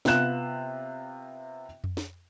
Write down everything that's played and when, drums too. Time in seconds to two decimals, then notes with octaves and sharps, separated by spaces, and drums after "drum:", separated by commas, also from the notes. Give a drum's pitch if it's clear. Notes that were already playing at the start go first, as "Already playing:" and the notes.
0.05 C3 B3 F4 F#6 E7, drum: snare
1.84 drum: tom F2
1.97 drum: snare